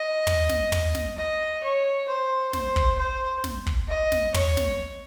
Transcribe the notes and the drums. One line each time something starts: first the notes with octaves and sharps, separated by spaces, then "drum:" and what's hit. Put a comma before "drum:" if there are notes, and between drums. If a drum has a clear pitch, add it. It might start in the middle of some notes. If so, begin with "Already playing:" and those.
Already playing: D#5
drum: tom
drum: snare
drum: tom
drum: snare
D#5
C#5
C5
C5, drum: snare
drum: kick
C5
drum: snare
drum: kick
D#5
drum: snare
C#5, drum: tom
drum: snare